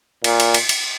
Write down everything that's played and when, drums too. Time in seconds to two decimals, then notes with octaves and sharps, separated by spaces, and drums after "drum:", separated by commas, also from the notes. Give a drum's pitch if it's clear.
0.24 A#2, drum: cymbal
0.40 drum: cymbal
0.54 drum: cymbal
0.69 drum: cymbal